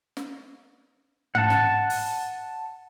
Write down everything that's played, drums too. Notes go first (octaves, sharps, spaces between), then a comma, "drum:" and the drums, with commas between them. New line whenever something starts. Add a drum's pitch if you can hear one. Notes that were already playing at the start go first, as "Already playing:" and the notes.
drum: snare
F#5 A5, drum: tom G#2
drum: snare
drum: open hi-hat